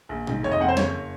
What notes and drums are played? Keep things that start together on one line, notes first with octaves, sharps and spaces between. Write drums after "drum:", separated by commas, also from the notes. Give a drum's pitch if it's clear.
A#1
G#2, drum: tom B2
F1 C#5
D#5
F2 F#5
C5
F#1 C#5, drum: snare